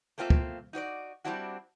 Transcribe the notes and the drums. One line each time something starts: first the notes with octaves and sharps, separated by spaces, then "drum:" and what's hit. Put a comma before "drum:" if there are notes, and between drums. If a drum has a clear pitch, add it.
A3 A#3 C4 F4 D5 E5
drum: kick
D#4 F#4 C#5 D5
G3 G#3 C4 D4 E4 F#4